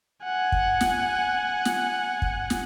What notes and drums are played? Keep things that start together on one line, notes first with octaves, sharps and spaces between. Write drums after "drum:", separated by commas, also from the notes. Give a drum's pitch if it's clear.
F#5 G#5
drum: kick
drum: snare
drum: snare
drum: kick
drum: snare